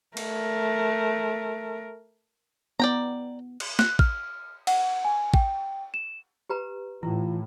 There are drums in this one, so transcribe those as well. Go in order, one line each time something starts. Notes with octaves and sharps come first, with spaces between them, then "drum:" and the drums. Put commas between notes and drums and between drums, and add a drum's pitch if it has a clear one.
A3 A#4, drum: cymbal
B3 D5 G5 A#5
drum: cymbal
F#6, drum: snare
F6, drum: kick
F#5, drum: cymbal
G#5
G5, drum: kick
E7
G4 B4 A#5
A2 E3 E4 F4